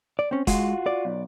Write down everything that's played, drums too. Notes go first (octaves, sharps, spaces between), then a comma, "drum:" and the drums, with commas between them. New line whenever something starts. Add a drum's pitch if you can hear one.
D5
C4 C#4
G#3 F4 F#4, drum: kick, hi-hat
D5
B1